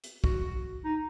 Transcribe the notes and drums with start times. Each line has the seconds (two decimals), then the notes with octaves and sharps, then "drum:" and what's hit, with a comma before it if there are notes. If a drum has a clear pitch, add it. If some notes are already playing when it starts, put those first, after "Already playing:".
0.04 drum: hi-hat
0.24 F#4, drum: kick
0.84 D#4